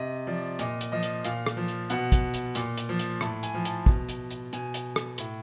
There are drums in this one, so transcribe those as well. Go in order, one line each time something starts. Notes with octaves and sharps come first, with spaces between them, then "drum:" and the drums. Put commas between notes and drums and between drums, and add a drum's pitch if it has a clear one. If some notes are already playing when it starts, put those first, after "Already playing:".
Already playing: C3 D#5
F3 D5
A#2 D#5, drum: hi-hat
drum: hi-hat
F3 D#5
drum: hi-hat
A#2 F5, drum: hi-hat
drum: rim click
F3
drum: hi-hat
B2 F#5, drum: hi-hat
drum: kick, hi-hat
drum: hi-hat
A#2, drum: hi-hat
drum: hi-hat
F3
drum: hi-hat
A2 A5, drum: rim click
G#5, drum: hi-hat
F3
A5, drum: hi-hat
B2, drum: kick
drum: hi-hat
drum: hi-hat
B2 G#5, drum: hi-hat
drum: hi-hat
drum: rim click
A2, drum: hi-hat